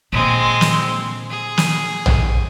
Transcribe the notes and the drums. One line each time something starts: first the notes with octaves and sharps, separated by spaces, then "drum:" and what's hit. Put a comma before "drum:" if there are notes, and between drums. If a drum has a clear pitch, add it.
A#2 D3 G#3 C4
drum: snare
G#4
drum: snare
drum: tom A#1